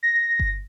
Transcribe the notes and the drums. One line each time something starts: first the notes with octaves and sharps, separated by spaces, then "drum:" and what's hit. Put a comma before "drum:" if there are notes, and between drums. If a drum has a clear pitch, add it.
A#6
drum: kick G1